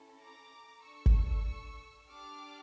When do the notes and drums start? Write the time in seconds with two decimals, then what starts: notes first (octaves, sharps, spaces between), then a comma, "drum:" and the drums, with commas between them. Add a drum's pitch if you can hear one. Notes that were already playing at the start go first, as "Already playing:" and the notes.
Already playing: C#4 E4 A4
0.21 A#5 D6
0.84 D4 A4 C#6 E6
1.06 drum: kick G1
2.08 D4 G4 D6 F6